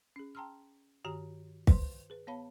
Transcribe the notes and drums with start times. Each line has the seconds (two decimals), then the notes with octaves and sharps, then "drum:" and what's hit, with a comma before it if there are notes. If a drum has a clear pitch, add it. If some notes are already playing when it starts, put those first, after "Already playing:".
0.16 C#4 G#4
0.35 G5 A5 A#5 C6 E6 F6
1.04 G2 D#3 F#4 G4 A#5
1.67 B4 C5 C6, drum: kick
2.10 G#4 B4
2.27 B3 C#5 F5 A5 B5